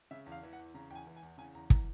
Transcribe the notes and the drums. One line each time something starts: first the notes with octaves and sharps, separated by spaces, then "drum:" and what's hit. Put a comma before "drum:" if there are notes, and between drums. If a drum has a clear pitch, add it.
C#3 E5
E2
F5
E3
F#5
E2
C#3 A#5
E2 G5
G#5
E3
G#5
E2
C#3 G#5
E2 A#5
E3 A#5, drum: kick